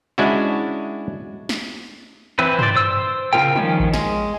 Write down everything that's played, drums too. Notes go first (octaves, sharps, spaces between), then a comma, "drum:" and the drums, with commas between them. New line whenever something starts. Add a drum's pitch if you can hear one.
G#3 C#4 D4 E4 F#4
drum: snare
E3 C4 B4
C5 D5, drum: tom G2
C5 E6
C#3 E4 F4 A#4 G5
D#3 F3 C#4, drum: tom F#3
drum: kick A1
G#3, drum: snare